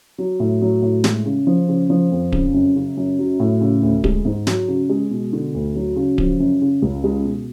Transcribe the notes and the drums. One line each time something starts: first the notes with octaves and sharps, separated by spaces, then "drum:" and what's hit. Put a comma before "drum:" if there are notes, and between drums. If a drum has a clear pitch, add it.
F#3
A2
F#3
A2
G#3, drum: snare
C#3
F3
C#3
F3
F2
C#3, drum: kick D1
F#2
C#3
F#2
F#3
A2
C#3
D2
G#3, drum: kick D1
G#2
F#3, drum: snare
C#3
G#3
B2
D3
D2
F#3
C#3
F3, drum: kick D1
F#2
C#3
C#2
G#3
B2